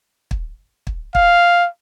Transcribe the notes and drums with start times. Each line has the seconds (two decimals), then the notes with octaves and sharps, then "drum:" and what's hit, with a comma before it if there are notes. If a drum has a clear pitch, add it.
0.31 drum: kick
0.87 drum: kick
1.15 F5, drum: kick